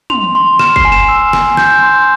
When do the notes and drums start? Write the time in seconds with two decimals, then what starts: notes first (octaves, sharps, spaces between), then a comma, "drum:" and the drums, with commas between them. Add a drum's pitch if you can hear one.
0.10 C6 F7, drum: tom
0.35 C6
0.59 F6 E7, drum: snare
0.76 C7, drum: kick
0.85 G#5
0.92 E7
1.09 E6
1.33 G#5, drum: snare
1.57 G6, drum: snare
1.82 C6